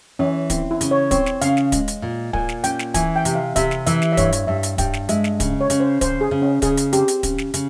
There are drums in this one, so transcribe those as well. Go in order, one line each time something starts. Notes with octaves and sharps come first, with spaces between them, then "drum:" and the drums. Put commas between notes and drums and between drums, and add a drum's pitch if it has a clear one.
E3 C#4
C4 E4, drum: kick, hi-hat
E4
C#3, drum: hi-hat
C#5
C4 C#5, drum: kick, hi-hat
drum: snare
C#3 F5, drum: hi-hat
drum: snare
G#3, drum: kick, hi-hat
drum: hi-hat
A#2
A#2 G#5, drum: kick
drum: snare
C#4 G5, drum: hi-hat
drum: snare
E3 G#5, drum: kick, hi-hat
G5
C3, drum: hi-hat
F5
C3 E5, drum: kick, hi-hat
drum: snare
E3 E5, drum: hi-hat
drum: snare
E5
G2 C#5, drum: kick, hi-hat
drum: hi-hat
G2 E5
drum: hi-hat
G2 G5, drum: kick, hi-hat
drum: snare
G#3 E5, drum: hi-hat
drum: snare
C#3, drum: kick, hi-hat
C#5
C#3, drum: hi-hat
C5
C#3 C5, drum: kick, hi-hat
G#4
C#3
C#4
C#3 G#4, drum: kick, hi-hat
drum: hi-hat
C4 G4, drum: hi-hat
drum: hi-hat
C#3, drum: kick, hi-hat
drum: snare
C#3, drum: hi-hat